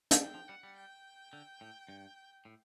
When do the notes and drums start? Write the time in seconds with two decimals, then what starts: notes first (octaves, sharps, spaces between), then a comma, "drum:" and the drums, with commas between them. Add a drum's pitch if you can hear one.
0.11 drum: hi-hat
0.21 G3 G5
0.34 F3
0.48 G3 F#5
0.63 G3
0.77 G5
1.33 D3
1.61 A2
1.88 G2
2.45 A2